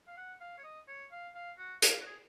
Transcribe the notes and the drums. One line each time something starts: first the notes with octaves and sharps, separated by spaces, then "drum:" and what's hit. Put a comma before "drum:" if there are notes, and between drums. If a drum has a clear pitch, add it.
F5
F#5
F5
C#5
D#5
C#5
F5
F5
F#4
F5, drum: hi-hat
F#4
G#4